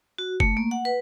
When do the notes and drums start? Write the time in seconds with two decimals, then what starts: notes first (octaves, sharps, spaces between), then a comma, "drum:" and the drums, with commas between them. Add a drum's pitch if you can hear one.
0.18 F#4
0.40 A3, drum: kick
0.57 A#3
0.71 F#5
0.85 B4